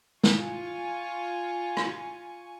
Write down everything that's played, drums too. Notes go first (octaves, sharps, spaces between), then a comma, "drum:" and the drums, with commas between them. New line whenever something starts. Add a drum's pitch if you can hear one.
F4 G#5 C#6, drum: snare
drum: rim click